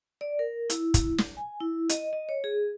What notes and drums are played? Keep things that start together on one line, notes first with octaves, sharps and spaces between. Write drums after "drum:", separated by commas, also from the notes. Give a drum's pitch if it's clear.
D5
A#4
E4, drum: hi-hat
drum: kick, hi-hat
drum: snare
G#5
E4
D#5, drum: hi-hat
D#5
C#5
G#4